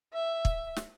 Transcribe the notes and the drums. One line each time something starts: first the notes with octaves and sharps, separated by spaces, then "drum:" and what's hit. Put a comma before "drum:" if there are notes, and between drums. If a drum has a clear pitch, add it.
E5
drum: kick
drum: snare